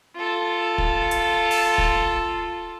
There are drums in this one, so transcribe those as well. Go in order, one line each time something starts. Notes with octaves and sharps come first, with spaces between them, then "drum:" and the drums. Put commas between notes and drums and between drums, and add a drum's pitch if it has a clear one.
F4 A4
drum: kick
drum: hi-hat
drum: open hi-hat
drum: kick